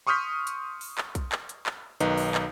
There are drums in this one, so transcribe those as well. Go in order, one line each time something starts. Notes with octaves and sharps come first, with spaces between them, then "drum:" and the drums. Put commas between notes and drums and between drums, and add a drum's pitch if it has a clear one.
C6 C#6 D#6 F6 G6 B6
drum: hi-hat
drum: open hi-hat
drum: clap
drum: kick B1, hi-hat
drum: clap
drum: hi-hat
drum: clap
B1 D#3 D#4 B4, drum: hi-hat
drum: open hi-hat
drum: clap